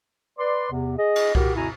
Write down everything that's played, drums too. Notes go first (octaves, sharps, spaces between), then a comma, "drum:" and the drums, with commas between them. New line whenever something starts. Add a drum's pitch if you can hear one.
B4 D5 C6
E2 C3
G#4 D#5
drum: cymbal
F#4 G4 A#4, drum: kick C2
F2 C#3 E4 F#4 G#5 A#5